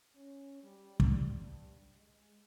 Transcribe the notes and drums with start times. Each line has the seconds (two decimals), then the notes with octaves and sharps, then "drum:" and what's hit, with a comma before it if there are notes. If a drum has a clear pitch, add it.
0.15 C#4
0.63 G3
1.00 G3, drum: kick
1.38 G2
1.96 G#3